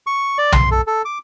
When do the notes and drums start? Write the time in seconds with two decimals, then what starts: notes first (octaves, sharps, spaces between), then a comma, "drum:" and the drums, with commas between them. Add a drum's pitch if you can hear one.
0.07 C#6
0.38 D5
0.52 C6, drum: tom B1
0.71 A4
0.87 A4
1.05 D6